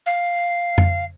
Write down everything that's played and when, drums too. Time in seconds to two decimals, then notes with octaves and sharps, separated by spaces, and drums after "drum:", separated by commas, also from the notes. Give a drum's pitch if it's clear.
0.06 F5
0.78 drum: tom F2